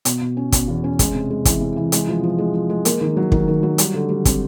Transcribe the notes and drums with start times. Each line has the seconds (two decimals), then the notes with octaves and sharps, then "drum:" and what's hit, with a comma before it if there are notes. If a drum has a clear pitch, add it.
0.05 B2, drum: hi-hat
0.21 B2
0.37 C#4
0.52 B2, drum: kick, hi-hat
0.68 E2
0.84 C#4
0.99 G#3, drum: kick, hi-hat
1.15 C3
1.30 G#3
1.45 E3, drum: kick, hi-hat
1.60 C3
1.76 E3
1.92 G#3, drum: hi-hat
2.08 F3
2.23 F3
2.38 G#3
2.54 F3
2.70 G#3
2.85 A#3, drum: hi-hat
3.01 D#3
3.17 F#3
3.32 D#3, drum: kick
3.48 D#3
3.63 F#3
3.78 G3, drum: hi-hat
3.94 D3
4.09 G3
4.25 C4, drum: kick, hi-hat